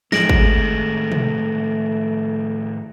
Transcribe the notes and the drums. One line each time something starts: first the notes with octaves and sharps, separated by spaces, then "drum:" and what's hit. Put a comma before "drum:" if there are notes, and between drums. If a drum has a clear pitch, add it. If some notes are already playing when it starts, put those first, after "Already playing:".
A2 D#3 G#3 A3 A#6 D7 F#7, drum: snare
drum: kick
drum: tom